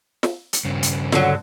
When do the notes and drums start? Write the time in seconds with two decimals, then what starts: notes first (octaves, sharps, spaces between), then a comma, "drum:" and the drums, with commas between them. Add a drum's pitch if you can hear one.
0.23 drum: snare
0.53 drum: hi-hat
0.65 G2 C#3
0.83 drum: hi-hat
1.12 D3 F#3, drum: snare